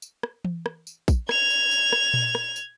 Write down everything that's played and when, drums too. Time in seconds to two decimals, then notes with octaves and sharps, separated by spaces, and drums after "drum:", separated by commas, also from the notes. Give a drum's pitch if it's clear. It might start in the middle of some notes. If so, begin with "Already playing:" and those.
0.02 drum: tambourine
0.23 drum: rim click
0.45 drum: tom E3
0.66 drum: rim click
0.87 drum: tambourine
1.08 drum: kick, tambourine
1.29 G#6 F7, drum: rim click
1.50 drum: tambourine
1.71 drum: tambourine
1.93 drum: rim click
2.14 drum: tom A#2
2.35 drum: rim click
2.56 drum: tambourine